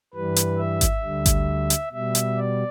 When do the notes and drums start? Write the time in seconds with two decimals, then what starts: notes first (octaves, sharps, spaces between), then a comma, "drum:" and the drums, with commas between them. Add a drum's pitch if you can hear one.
0.14 G2 E3 G3 B4
0.36 drum: hi-hat
0.58 E5
0.81 drum: kick G#1, hi-hat
1.03 D2 D3 G3
1.26 drum: kick G#1, hi-hat
1.70 drum: hi-hat
1.92 B2 G3 E5
2.15 drum: hi-hat
2.37 D5